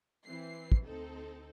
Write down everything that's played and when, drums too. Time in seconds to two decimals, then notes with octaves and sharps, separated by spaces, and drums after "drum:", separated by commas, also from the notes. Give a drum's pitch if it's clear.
0.25 E3 C4 C7
0.72 drum: kick
0.85 D2 C4 D#4 A4